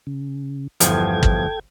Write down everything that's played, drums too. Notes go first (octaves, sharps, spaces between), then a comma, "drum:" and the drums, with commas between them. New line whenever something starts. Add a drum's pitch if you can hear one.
C#3
G1 E2 F3 A4 G5 G#6, drum: hi-hat
drum: kick